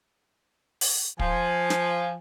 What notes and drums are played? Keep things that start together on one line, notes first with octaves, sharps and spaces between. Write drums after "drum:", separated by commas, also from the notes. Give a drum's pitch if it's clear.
drum: open hi-hat
F3 G#5, drum: kick
drum: snare